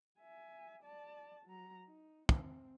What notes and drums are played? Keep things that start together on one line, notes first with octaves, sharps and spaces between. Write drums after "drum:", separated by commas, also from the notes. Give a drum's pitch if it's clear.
E5 G#5
D5 A5
F#3 A#5
D#4
C4, drum: kick